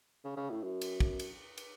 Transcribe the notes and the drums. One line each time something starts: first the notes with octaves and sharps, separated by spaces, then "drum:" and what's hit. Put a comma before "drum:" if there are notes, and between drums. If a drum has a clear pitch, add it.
C#3
C#3
A2
F#2
drum: cymbal
drum: kick
drum: cymbal
drum: cymbal